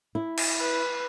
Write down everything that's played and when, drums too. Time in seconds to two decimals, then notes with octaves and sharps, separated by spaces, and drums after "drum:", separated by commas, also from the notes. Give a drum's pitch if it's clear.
0.15 E4
0.37 drum: cymbal
0.59 B4